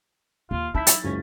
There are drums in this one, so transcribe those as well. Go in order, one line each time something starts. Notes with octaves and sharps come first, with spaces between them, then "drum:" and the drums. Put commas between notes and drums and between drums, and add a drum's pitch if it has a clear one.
D#2 F4
F#3 D#4 E4 A5 G6 B6
A6, drum: hi-hat
F#1 C#2 F#2 C#4